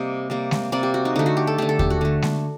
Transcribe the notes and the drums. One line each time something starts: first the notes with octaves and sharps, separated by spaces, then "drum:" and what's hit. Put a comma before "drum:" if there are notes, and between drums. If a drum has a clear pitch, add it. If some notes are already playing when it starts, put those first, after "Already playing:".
Already playing: C3 G3 A#3 D#5
C3 G3 A#3
drum: snare G#3
C3 G3 A#3 D5
G4
F#4
D#4
D3 A3 D#4
F#4
G4
A4
D3 A3 G4
A4
G4, drum: kick D#2
F#4
D3 A3
drum: snare G#3